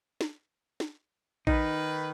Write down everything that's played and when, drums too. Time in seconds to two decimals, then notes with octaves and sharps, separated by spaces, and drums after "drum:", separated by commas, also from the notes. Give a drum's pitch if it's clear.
0.21 drum: snare
0.80 drum: snare
1.47 D#3 D#4 B4, drum: kick A#1